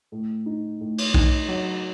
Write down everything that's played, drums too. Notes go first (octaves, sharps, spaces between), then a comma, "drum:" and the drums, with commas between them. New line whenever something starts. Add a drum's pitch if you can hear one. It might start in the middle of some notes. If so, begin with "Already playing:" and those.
A2
D#4
A2
drum: cymbal
D#4, drum: kick B1
F#3